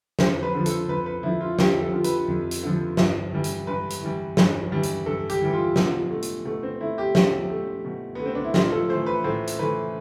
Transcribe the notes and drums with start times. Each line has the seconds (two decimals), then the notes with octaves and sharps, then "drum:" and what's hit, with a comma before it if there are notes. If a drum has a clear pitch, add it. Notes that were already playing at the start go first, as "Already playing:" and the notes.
0.19 F2 C5, drum: snare
0.43 B4
0.54 D3 F3
0.66 A4, drum: hi-hat
0.88 F2 B4
1.06 B4
1.23 D3 F3 E4
1.41 F4
1.59 F2 G4, drum: snare
1.81 A4
1.92 D3 F3
2.04 B4, drum: hi-hat
2.28 F2
2.51 drum: hi-hat
2.63 D3 F3
2.97 G2, drum: snare
3.33 E3 G3
3.44 drum: hi-hat
3.67 G2 B4
3.90 drum: hi-hat
4.02 E3 G3
4.37 G2, drum: snare
4.72 E3 G3
4.83 drum: hi-hat
5.06 G2 A4
5.29 G4, drum: hi-hat
5.41 E3 G3
5.53 F4
5.76 B2, drum: snare
6.11 A3
6.22 drum: hi-hat
6.45 B2 A3
6.63 C4
6.81 A3 E4
6.98 G4
7.15 B2, drum: snare
7.50 A3
7.85 B2
8.15 A3 B3
8.26 C4
8.35 D4
8.44 E4
8.54 A2 F4, drum: snare
8.72 A4
8.89 E3 A3 C5
9.06 B4
9.24 A2 C5
9.47 drum: hi-hat
9.59 E3 A3 B4